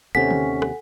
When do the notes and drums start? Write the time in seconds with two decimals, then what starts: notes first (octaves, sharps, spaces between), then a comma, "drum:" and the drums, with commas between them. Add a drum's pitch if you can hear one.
0.15 D#2 C3 C#4 A4 F#5 G#5 B6
0.30 drum: tom D3
0.62 drum: rim click